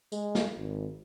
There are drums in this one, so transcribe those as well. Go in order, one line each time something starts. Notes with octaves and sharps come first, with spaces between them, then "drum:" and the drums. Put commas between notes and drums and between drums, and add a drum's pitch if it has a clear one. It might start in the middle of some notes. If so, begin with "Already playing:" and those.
G#3, drum: tambourine
drum: snare
G#1